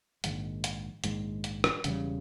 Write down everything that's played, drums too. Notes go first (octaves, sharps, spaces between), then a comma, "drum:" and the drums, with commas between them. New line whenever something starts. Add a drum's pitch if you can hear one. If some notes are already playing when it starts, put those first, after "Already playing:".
A#1 G#2 D#3 G#3, drum: hi-hat
drum: hi-hat
A#1 G#2 D#3 G#3, drum: hi-hat
drum: hi-hat
drum: rim click
E1 E2 C#3 G3, drum: hi-hat